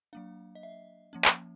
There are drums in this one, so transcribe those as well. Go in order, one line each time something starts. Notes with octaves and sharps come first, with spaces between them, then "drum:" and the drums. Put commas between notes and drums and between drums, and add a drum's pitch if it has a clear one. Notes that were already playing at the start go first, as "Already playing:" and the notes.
F#3 A#3 D4 F5
D#5
E5
F3 A#3 C#4
drum: clap